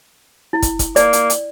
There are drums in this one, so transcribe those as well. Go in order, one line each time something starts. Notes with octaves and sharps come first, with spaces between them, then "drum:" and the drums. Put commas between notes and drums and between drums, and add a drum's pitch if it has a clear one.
E4
drum: kick, hi-hat
drum: kick, hi-hat
A#3 D5, drum: hi-hat
drum: hi-hat
drum: hi-hat